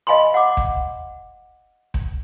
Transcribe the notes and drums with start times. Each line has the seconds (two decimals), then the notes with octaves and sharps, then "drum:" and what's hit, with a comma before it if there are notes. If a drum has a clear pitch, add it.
0.07 D#5 F5 G#5 B5 C6
0.34 F#5 D6
0.57 drum: kick
1.94 drum: kick